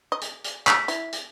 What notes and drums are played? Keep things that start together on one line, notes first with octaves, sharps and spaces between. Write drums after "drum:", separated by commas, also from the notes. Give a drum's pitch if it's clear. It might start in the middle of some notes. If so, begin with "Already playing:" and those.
D#5
drum: hi-hat
drum: hi-hat
B6, drum: clap
E4, drum: hi-hat
drum: hi-hat